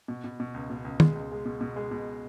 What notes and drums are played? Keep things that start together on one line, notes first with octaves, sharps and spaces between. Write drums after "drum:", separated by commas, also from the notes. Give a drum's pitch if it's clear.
B2
B2
B2
C#2
B2
C#2
G#3, drum: tom D#3
C#2
G#3
B2
B2
G#3
B2